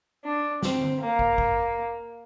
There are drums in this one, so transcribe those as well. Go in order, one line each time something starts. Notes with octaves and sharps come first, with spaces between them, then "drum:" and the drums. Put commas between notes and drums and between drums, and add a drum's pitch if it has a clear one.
D4
C4, drum: snare
drum: tom D3
A#3
drum: kick
drum: kick